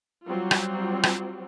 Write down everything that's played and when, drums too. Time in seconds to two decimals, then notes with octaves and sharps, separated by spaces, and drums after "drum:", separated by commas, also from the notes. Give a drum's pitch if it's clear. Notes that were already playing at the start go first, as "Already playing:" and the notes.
0.25 F#3 G3 C4 F4
0.51 drum: rim click
1.03 drum: rim click